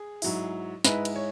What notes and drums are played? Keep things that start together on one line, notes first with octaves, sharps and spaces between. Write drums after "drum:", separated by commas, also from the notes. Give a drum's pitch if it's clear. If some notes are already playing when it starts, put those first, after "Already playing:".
Already playing: G#4
G#2 F#3 E4, drum: open hi-hat
G#2 G#3 E4 B4, drum: snare
drum: cymbal
C#5